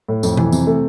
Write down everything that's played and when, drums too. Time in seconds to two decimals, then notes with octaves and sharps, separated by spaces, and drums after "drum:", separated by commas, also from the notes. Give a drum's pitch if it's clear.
0.08 A2
0.23 F2, drum: tambourine
0.37 E3, drum: tom B2
0.52 C3, drum: tambourine
0.67 A3